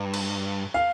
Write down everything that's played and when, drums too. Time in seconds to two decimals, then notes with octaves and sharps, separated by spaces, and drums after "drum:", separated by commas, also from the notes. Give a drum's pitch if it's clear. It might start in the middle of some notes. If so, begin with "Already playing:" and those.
Already playing: G2
0.14 drum: cymbal
0.74 F5